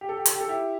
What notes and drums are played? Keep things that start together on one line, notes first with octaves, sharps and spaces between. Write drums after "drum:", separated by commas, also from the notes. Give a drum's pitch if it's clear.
G4
A4
G4
A4, drum: hi-hat
G4
A4
E4 G4